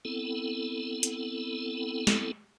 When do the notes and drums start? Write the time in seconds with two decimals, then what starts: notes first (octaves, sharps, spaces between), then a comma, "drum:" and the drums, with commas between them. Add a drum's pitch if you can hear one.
0.05 B3 C4 E4 A4
1.03 drum: hi-hat
2.07 drum: snare